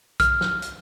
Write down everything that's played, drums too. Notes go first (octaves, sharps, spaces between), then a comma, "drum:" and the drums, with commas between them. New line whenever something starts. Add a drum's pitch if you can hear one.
F6, drum: kick, hi-hat
drum: snare
drum: hi-hat